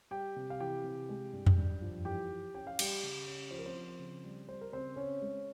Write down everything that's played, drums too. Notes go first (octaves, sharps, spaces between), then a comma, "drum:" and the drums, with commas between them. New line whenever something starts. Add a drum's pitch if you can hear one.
G3 G4 G5
C3
F5
E3 G4 G5
C3
G#3
G2
drum: tom F2
G2
F3
E3 G4 G5
E3
C#4 G5
F5
G3 G4 G5, drum: cymbal
C#3
C#4
F3 C5
A#4
C4 C5
F3
C#3
G3
G3 C5
A#4
C#3 C4 C5
C4 C#4 C#5
G#3